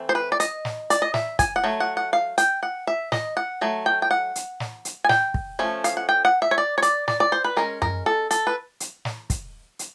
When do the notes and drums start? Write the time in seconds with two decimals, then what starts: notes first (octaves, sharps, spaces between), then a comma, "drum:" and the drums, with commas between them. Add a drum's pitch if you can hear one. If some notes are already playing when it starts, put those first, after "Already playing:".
Already playing: E3 A3 C4
0.09 C5
0.15 B4
0.32 D5
0.40 D#5, drum: hi-hat
0.65 drum: snare
0.90 D5, drum: hi-hat
1.02 D#5
1.14 E5, drum: snare
1.39 G#5, drum: kick, hi-hat
1.56 F#5
1.64 F#3 A3
1.80 F#5
1.97 F#5
2.13 F5
2.38 G5, drum: hi-hat
2.63 F#5
2.87 E5
3.12 D#5, drum: snare
3.37 F#5
3.61 F#3 A3
3.86 G5
4.02 G5
4.11 F#5
4.35 drum: hi-hat
4.60 drum: snare
4.85 drum: hi-hat
5.04 G#5
5.09 G5, drum: snare
5.34 drum: kick
5.59 F3 A3 C#4
5.84 F5, drum: hi-hat
5.97 F#5
6.09 G5
6.25 F#5
6.42 E5
6.51 C#5
6.58 D5
6.78 C#5
6.83 D5, drum: hi-hat
7.08 D5, drum: snare
7.20 D5
7.32 C5
7.44 B4
7.57 G#3 C#4 A#4
7.82 A#4, drum: tom F#2
8.06 A4
8.31 A4, drum: hi-hat
8.47 B4
8.80 drum: hi-hat
9.05 drum: snare
9.30 drum: kick, hi-hat
9.79 drum: hi-hat